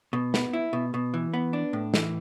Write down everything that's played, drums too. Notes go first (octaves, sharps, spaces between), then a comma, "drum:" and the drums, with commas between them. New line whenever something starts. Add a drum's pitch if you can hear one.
B2
B3, drum: snare
E4
B2
B2
E3
B3
D4
A2
E3, drum: snare